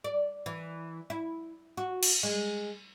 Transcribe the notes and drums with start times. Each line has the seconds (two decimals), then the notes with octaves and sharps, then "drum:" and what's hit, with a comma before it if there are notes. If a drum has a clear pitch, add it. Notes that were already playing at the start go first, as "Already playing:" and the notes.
0.04 D5
0.46 E3
1.10 E4
1.77 F#4
2.03 drum: cymbal
2.23 G#3